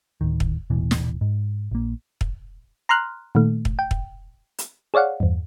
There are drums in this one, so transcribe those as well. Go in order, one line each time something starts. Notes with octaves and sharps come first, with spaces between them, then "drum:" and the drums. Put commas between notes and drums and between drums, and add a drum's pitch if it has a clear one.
D1 D#3
drum: kick
D#1 A1 B2 E3
drum: snare
G#2
A#1 A#3
drum: kick
A#5 C6 F6 F#6
A#2 D#3 A3
drum: kick
G5
drum: kick
drum: hi-hat
G#4 C#5 D5 F5 F#5
E2 G2